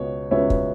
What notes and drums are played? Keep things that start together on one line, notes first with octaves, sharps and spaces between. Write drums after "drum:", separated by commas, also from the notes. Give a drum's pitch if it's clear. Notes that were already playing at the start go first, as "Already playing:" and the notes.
Already playing: C#2 B2 B3 C#5
C#2 B2 G#3 B3 C#5 E5
drum: kick